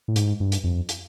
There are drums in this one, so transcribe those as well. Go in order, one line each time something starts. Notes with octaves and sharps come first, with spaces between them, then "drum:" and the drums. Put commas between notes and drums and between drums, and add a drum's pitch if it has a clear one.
A2
G#2, drum: hi-hat
G2
drum: hi-hat
F2
drum: hi-hat